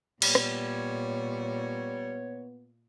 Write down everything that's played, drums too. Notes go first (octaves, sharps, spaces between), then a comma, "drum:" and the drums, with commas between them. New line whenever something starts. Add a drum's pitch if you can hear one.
A#2 G3 B3 C#5, drum: cymbal
drum: rim click